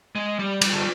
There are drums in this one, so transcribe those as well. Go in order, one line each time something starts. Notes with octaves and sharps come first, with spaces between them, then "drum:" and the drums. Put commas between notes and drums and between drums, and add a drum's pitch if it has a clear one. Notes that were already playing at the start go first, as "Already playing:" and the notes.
G#3
G3
G3, drum: cymbal
D3